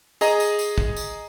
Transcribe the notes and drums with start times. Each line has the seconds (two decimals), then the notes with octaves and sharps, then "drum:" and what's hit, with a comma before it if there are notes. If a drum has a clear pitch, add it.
0.21 G#4 D#5 A#5 D#6, drum: tambourine
0.40 drum: tambourine
0.59 drum: tambourine
0.78 drum: kick
0.96 drum: tambourine